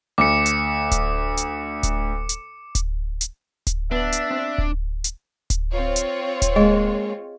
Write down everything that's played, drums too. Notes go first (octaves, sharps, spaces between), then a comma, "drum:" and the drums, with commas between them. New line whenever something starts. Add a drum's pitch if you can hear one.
D2 D6 C#7
drum: hi-hat
drum: kick D1, hi-hat
drum: hi-hat
drum: kick D1, hi-hat
drum: hi-hat
drum: kick D1, hi-hat
drum: hi-hat
drum: kick D1, hi-hat
B3 D4 E5
drum: hi-hat
C4
drum: kick D1
drum: hi-hat
drum: kick D1, hi-hat
C4 F4 C#5
drum: hi-hat
drum: kick D1, hi-hat
G#3 A#3 G#4 D#5 G#5